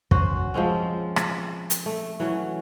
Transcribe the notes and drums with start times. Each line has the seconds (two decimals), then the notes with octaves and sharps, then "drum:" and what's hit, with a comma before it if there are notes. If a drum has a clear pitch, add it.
0.11 C#4 F#4 C5, drum: kick
0.54 F3 G#3 C4 C#4
1.16 drum: rim click
1.70 drum: hi-hat
1.86 A3
2.20 E3 F#3 C#4